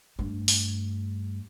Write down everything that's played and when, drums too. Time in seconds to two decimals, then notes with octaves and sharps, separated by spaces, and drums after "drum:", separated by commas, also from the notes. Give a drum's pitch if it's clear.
0.19 G2 A3
0.48 drum: open hi-hat